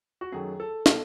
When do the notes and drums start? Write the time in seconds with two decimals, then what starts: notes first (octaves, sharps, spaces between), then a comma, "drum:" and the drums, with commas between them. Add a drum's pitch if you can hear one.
0.21 F#4
0.32 F#2 D#3 F#3 A3 G#4
0.60 A4
0.86 B2 A4, drum: snare